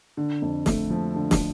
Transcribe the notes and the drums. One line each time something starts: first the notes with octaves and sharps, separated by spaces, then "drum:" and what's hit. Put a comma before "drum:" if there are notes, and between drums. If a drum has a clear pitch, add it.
D3
F2
A3, drum: snare
F3
D3
drum: snare